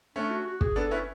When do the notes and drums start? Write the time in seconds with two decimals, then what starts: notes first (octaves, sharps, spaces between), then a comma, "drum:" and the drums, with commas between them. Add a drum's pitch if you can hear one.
0.16 A3 C#4 D4
0.30 F#4
0.46 F#4
0.61 G#4, drum: kick
0.76 B3 D4 A4
0.91 C#4 E4 B4